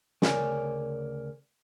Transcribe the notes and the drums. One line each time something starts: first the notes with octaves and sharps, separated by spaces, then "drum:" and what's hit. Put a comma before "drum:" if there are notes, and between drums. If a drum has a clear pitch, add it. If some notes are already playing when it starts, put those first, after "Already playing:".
D2 C#3 A#4 C#5 D5 G#5, drum: snare